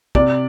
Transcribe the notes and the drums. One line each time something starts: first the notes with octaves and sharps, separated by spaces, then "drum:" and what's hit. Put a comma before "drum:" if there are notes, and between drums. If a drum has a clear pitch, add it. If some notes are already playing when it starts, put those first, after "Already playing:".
C3 D5, drum: kick